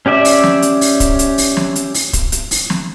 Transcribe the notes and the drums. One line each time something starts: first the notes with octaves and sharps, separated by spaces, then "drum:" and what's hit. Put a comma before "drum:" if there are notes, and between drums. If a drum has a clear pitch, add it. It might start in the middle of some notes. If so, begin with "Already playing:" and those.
C#4 G4 D5 E5
drum: open hi-hat
drum: snare
drum: hi-hat
drum: open hi-hat
drum: kick, hi-hat
drum: hi-hat
drum: open hi-hat
drum: snare
drum: hi-hat
drum: open hi-hat
drum: kick, hi-hat
drum: hi-hat
drum: open hi-hat
drum: snare